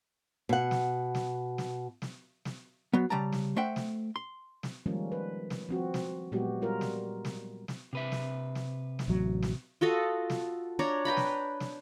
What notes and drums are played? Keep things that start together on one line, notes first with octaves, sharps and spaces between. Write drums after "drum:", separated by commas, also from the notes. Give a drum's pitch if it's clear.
B2 F#5
drum: snare
drum: snare
drum: snare
drum: snare
drum: snare
F#3 B3
C#3 G3 A5 A#5
drum: snare
A3 C5 E5 F#5 G5
drum: snare
C6
drum: snare
D#3 F3 G3 G#3 A#3 C#4
B4
drum: snare
F3 C4 F#4
drum: snare
A#2 F#3 G#3 B3 F#4 G4
G3 F4 A#4
drum: snare
drum: snare
drum: snare
C3 B4 E5
drum: snare
drum: snare
drum: snare
A1 F#3
drum: snare
F4 F#4 A4 D#5
drum: snare
D4 C#5 D5 A#5
B4 G5 A#5 B5
drum: snare
drum: snare